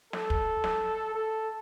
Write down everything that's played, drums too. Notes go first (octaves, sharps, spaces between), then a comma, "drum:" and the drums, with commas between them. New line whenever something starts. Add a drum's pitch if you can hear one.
A4, drum: snare
drum: kick
drum: snare
A4